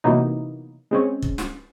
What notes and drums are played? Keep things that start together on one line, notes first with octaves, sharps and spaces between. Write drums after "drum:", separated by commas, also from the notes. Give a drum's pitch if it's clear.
C3 E3 F#3 A#3 B3 D#4
G#3 C4 C#4
drum: kick
drum: snare